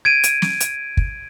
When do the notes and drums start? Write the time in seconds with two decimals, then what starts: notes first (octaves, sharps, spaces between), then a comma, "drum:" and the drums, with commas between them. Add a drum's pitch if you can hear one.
0.05 G#6 D7 D#7
0.23 drum: hi-hat
0.42 drum: snare
0.60 drum: hi-hat
0.97 drum: kick